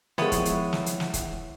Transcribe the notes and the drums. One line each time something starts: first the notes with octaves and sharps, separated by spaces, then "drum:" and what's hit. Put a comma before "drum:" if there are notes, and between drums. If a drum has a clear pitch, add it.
F3 G#3 B3 E4 C#5 D#6 A6, drum: snare
drum: kick, hi-hat
drum: hi-hat
drum: snare
drum: hi-hat
drum: snare
drum: kick, hi-hat